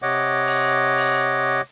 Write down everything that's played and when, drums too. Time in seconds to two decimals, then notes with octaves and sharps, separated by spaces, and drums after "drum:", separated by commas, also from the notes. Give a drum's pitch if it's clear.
0.02 C3 C#5 D#5 F#5 D6
0.47 drum: open hi-hat
0.98 drum: open hi-hat